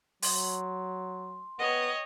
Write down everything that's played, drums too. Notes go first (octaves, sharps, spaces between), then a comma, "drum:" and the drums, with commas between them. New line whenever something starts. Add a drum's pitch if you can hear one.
F#3 C6, drum: open hi-hat
B3 C#5 D#5 G5